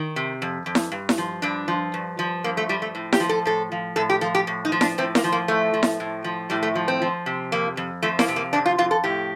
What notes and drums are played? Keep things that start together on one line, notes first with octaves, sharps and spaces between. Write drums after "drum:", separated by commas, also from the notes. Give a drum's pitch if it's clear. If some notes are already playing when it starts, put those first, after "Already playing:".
Already playing: D#3
C3
F2
F2
drum: snare E4
G2
drum: snare E4
F3
G2 D4
F3
G2
F3
G2 A#3
A3
F3 G3
A3
A2
G4, drum: snare E4
F3
A4
A2 A4
F3
A2 A4
G4
F3 A4
G4
A2
D#4
F3
D4, drum: snare E4
A2 C4
A#3, drum: snare E4
F3
A#3
A2 A3
F3
drum: snare E4
A2
F3
A2 G3
A3
F3
C4
F3
C3
F2 A#3
F2
F3 A3
A#3, drum: snare E4
C3
A#3
F2 D4
F4
F2 F4
A4
A2 G4